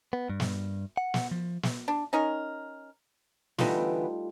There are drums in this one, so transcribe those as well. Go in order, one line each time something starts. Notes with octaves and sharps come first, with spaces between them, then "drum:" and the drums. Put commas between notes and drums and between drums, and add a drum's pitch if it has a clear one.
B3
G2
drum: snare
F#5
drum: snare
F3
drum: snare
D4
C#4 D#4 A#4
D3 E3 G3 A3 B3 D#4 F4, drum: snare